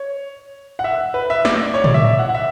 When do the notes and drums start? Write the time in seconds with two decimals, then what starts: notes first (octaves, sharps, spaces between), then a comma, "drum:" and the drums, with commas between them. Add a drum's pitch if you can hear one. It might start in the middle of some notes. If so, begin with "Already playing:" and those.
Already playing: C#5
0.79 F#5
0.84 E5
1.14 B4
1.30 E5
1.45 D5, drum: snare
1.74 C#5
1.84 D5, drum: tom
1.94 E5
2.05 E5
2.19 F#5
2.29 F#5
2.35 E5